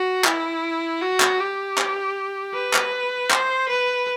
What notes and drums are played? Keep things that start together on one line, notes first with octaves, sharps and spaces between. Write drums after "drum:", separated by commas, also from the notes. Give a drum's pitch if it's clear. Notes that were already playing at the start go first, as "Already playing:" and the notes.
Already playing: F#4
E4, drum: clap
F#4
drum: clap
G4
drum: clap
B4
drum: clap
C5, drum: clap
B4